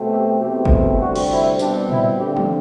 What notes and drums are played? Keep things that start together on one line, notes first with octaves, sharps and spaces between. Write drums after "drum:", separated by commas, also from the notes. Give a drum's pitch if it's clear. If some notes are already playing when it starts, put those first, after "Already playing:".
Already playing: B2 A3 C4
G4
E2 B2 A3 C4 G4
drum: kick
D2 C3 G3 C4 F#4
drum: cymbal
E4
B2 G3 C4 D4, drum: tambourine
E4, drum: tom
G2 D3 G3 C4 G4
drum: tom